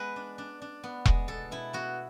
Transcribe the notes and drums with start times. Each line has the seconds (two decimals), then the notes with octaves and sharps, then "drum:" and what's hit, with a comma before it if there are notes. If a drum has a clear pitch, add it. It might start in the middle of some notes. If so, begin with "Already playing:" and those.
Already playing: G#3 B3 B4
0.16 D4
0.38 D4
0.62 D4
0.83 B3
1.05 G#3, drum: kick E1
1.28 B2 A4
1.51 B2 E4
1.73 B3 F#4